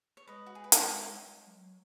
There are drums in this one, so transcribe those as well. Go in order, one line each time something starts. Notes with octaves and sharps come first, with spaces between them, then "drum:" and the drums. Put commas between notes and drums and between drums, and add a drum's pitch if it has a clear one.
C#5
G#3 B4 D#5
F#4
G#4
B4
C#5, drum: hi-hat
G#3
F#3